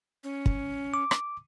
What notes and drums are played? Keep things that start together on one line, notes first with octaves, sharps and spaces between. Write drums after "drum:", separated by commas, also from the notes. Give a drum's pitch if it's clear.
C#4
drum: kick
D6
drum: rim click